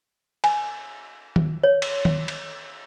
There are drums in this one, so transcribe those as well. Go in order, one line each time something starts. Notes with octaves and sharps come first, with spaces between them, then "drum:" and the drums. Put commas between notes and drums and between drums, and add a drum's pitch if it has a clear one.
G#5, drum: cymbal
drum: tom D#3
C#5
drum: cymbal
drum: tom D#3
drum: cymbal